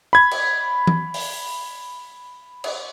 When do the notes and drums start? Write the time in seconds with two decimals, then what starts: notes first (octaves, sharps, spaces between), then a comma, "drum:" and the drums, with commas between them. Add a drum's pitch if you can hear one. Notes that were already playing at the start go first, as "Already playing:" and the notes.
0.13 B5 G#6
0.31 drum: cymbal
0.87 drum: tom E3
1.14 drum: open hi-hat
2.64 drum: cymbal